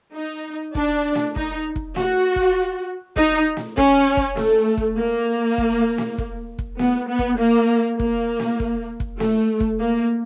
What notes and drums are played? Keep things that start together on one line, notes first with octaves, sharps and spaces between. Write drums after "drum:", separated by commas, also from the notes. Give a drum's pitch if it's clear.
D#4
D4, drum: kick
drum: snare
D#4, drum: kick
drum: kick
F#4, drum: snare
drum: kick
D#4, drum: kick
drum: snare
C#4, drum: kick
drum: kick
A3, drum: snare
drum: kick
A#3
drum: kick
drum: snare
drum: kick
drum: kick
B3, drum: snare
B3
drum: kick
A#3
A#3, drum: kick
drum: snare
drum: kick
drum: kick
A3, drum: snare
drum: kick
A#3